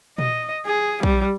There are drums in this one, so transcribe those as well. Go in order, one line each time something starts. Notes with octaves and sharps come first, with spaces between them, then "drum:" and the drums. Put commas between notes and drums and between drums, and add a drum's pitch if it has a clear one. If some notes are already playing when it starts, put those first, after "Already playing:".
D#5, drum: tom A#2
G#4
G3, drum: kick